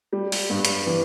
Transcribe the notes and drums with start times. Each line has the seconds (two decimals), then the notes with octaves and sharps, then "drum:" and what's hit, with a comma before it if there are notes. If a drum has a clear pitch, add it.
0.13 G3
0.32 drum: open hi-hat
0.50 G2
0.65 drum: hi-hat
0.86 E3